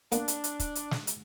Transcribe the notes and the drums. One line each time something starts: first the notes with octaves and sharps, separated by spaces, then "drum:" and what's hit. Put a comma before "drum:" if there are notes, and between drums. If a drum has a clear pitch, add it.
A#3 B3 D4, drum: hi-hat
drum: hi-hat
drum: hi-hat
drum: kick, hi-hat
drum: hi-hat
drum: snare
drum: hi-hat